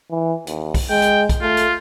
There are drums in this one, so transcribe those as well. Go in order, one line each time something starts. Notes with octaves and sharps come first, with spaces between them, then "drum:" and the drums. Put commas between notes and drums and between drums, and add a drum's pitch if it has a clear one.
E3
D#2, drum: hi-hat
drum: kick B1, open hi-hat
G#3 G5
drum: hi-hat
drum: kick B1, hi-hat
A3 F4
drum: hi-hat